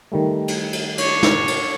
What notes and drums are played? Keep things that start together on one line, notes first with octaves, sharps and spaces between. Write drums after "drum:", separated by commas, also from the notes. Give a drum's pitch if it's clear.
D#3 G3 A3
drum: cymbal
drum: cymbal
D4 C#5, drum: cymbal
drum: snare
drum: cymbal